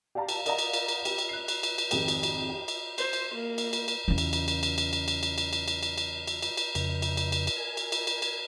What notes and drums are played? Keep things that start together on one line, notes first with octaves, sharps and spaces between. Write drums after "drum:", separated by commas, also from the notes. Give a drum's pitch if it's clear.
G4 D5 F5 A5 A#5
drum: cymbal
A#4 D5 D#5 F5 F#5 A#5, drum: cymbal
drum: cymbal
drum: cymbal
drum: cymbal
G4, drum: cymbal
drum: cymbal
F#6 C7
drum: cymbal
drum: cymbal
drum: cymbal
G#1 F2 G4 G#4, drum: cymbal
drum: cymbal
drum: cymbal
G4
drum: cymbal
C5, drum: cymbal
drum: cymbal
A#3
drum: cymbal
drum: cymbal
drum: cymbal
E2 C#3
drum: cymbal
drum: cymbal
drum: cymbal
drum: cymbal
drum: cymbal
drum: cymbal
drum: cymbal
drum: cymbal
drum: cymbal
drum: cymbal
drum: cymbal
drum: cymbal
drum: cymbal
drum: cymbal
drum: cymbal
drum: cymbal
F2 C#3, drum: cymbal
drum: cymbal
drum: cymbal
drum: cymbal
drum: cymbal
A#4 G#5
drum: cymbal
drum: cymbal
drum: cymbal
drum: cymbal